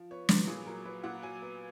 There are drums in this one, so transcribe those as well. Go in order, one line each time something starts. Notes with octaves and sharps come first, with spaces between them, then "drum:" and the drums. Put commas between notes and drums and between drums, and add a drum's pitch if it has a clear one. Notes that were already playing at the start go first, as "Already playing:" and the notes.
Already playing: F3
B3 C#5
F#3 B4, drum: snare
A#2 G#4
F#3 A#4
F#3 B4
A#2 F#5
F#3 G#5
B3